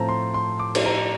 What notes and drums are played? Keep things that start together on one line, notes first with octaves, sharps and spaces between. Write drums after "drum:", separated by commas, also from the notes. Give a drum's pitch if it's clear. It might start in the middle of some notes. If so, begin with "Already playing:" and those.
Already playing: A2 F3 A3 C4 A5 A#5
C6
C6
D6
drum: cymbal
A#5